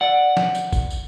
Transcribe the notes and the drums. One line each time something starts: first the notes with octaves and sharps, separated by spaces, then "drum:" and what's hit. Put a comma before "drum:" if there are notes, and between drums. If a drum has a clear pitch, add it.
D5 F#5
drum: snare
drum: tambourine
drum: kick G1, tambourine
drum: tambourine